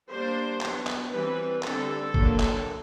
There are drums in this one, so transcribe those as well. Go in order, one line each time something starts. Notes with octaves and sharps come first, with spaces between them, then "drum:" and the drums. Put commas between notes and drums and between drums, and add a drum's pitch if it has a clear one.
G3 A#3 D4 C5
F#3 B3 D4, drum: clap
drum: clap
E3 G3 C4 B4
D3 G3 C4 A4, drum: clap
D3 F#3 A#3, drum: kick F#1
drum: clap